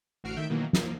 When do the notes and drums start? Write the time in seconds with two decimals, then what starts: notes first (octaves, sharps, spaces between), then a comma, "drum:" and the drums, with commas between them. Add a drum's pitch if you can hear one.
0.24 A1 D2 F#4 F6 C7 D7
0.36 A2 D#3 E5 G6 D7
0.50 B2 D#3 E3 F#3 A#3
0.73 F3 A#3, drum: snare